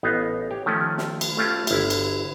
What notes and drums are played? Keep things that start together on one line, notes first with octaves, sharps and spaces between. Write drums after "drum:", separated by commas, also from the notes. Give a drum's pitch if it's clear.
A1 B3 D#4 F5
G4 C#5
D#3 F3 A3 C#4
drum: snare
drum: cymbal
A3 C#4 F4 G4
G1 E4, drum: cymbal
drum: cymbal